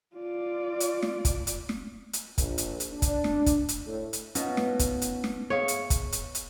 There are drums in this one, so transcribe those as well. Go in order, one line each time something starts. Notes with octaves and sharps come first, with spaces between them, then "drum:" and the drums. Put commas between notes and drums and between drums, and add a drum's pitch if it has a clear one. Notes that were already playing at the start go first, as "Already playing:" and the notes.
F4 D5
drum: hi-hat
drum: snare
drum: kick, hi-hat
drum: hi-hat
drum: snare
drum: hi-hat
A#1, drum: kick, hi-hat
drum: hi-hat
drum: hi-hat
D4
drum: kick, hi-hat
drum: snare
drum: kick, hi-hat
drum: hi-hat
A2
drum: hi-hat
B2 C#4 D#4 F4, drum: hi-hat
drum: snare
drum: kick, hi-hat
drum: hi-hat
drum: snare
G#4 C#5 E5 F5
drum: hi-hat
drum: kick, hi-hat
drum: hi-hat
drum: hi-hat